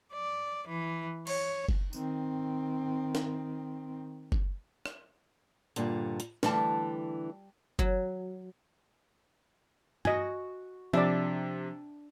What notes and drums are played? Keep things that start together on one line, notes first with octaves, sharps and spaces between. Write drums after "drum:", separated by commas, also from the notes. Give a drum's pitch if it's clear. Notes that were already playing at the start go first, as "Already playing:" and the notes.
D5
E3
C#5, drum: cymbal
drum: kick F#1
D#3 C4, drum: tambourine
drum: snare
drum: kick F#1
drum: rim click
G2 A#2 D3, drum: hi-hat
drum: hi-hat
D3 E3 G3 A3 A5, drum: snare
F#3, drum: kick F#1
F#4 D#5 G#5, drum: tom G2
C3 F3 D4 D5 E5